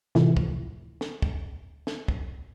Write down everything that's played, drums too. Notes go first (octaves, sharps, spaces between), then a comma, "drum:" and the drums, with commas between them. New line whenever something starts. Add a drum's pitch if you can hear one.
A2 C3 E3 F3, drum: snare
drum: kick
drum: snare
drum: kick
drum: snare
drum: kick